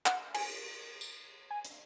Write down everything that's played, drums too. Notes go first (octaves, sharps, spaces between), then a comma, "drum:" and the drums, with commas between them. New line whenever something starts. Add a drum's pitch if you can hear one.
F#5, drum: clap
G#5, drum: cymbal
drum: tambourine
G#5
drum: hi-hat